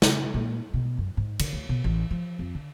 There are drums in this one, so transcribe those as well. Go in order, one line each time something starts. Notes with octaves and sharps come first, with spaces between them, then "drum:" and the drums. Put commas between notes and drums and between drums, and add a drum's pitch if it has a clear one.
C#3, drum: snare
A#2
B2
F#2
G#2
D3, drum: cymbal
D2
B2
A1
F3
F2
D3